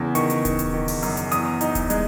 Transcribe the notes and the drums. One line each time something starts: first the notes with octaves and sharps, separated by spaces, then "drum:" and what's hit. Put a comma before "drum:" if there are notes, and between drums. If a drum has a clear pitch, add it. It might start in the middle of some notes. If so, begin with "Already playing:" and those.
Already playing: E2 C#3
D#3 C#6, drum: hi-hat
drum: hi-hat
D#3, drum: kick D#1, hi-hat
drum: hi-hat
D#3
drum: open hi-hat
F#2, drum: hi-hat
drum: hi-hat
E2 D#6, drum: hi-hat
D#4, drum: hi-hat
drum: kick D#1, hi-hat
G#3, drum: hi-hat